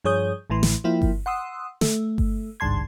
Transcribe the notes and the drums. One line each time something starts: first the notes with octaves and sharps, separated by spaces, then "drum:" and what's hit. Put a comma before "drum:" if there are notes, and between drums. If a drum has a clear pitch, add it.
G2 F3 G#4 C#5 D#6 G6
A1 A2 E3 C6
drum: snare
F3 A#3 E4 G5
drum: kick G1
F#5 C6 D#6 E6
A3, drum: snare
drum: kick G1
G#1 C#2 G2 A5 C6 G#6